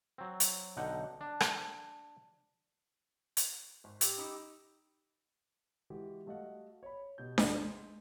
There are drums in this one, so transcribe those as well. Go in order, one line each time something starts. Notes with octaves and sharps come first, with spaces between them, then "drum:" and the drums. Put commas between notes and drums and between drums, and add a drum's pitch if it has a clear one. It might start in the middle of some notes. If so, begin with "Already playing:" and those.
F#3 C4
drum: hi-hat
B1 D3 D#4 F#5 G5
D4
drum: rim click
drum: hi-hat
G#1
G4 E6, drum: hi-hat
D#4 B5 D6
E3 G#3 F#4 G4
G3 A3 F#4 D#5 F5 F#5
C#5 B5
B2 G4 G6
G#1 E2 C3, drum: snare D4
G#3